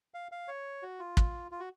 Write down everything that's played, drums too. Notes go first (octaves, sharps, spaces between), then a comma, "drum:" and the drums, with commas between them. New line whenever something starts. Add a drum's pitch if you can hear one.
F5
F5
C#5
F#4
F4
drum: kick
F4
F#4